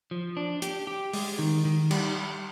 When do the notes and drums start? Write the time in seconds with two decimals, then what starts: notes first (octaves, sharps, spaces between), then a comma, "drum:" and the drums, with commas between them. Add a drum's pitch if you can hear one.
0.11 F3
0.37 D4
0.62 G4, drum: hi-hat
0.87 G4
1.13 G#3, drum: open hi-hat
1.39 D#3
1.65 D#3
1.91 G3, drum: cymbal